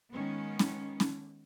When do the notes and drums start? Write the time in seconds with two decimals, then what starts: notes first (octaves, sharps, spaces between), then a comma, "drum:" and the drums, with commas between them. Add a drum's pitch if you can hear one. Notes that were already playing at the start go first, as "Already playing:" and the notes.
0.12 D#3 G#3 B3 C#4
0.59 drum: snare C#4
1.00 drum: snare C#4